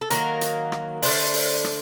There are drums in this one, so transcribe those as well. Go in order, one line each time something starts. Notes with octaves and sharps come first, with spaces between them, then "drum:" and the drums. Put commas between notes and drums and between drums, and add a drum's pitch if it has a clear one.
A4
D#3 F#3 A#3 A#4, drum: hi-hat
drum: hi-hat
drum: rim click
D3 A3 D4 C5, drum: open hi-hat
drum: open hi-hat
drum: rim click